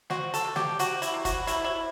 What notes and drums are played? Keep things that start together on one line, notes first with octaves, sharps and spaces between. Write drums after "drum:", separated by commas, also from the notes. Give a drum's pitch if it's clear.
C4 F#4, drum: snare
A4, drum: hi-hat
C3
G4, drum: snare
C3 F#4, drum: hi-hat
E4, drum: hi-hat
C3
F#4, drum: kick, hi-hat
C3 E4, drum: hi-hat
E4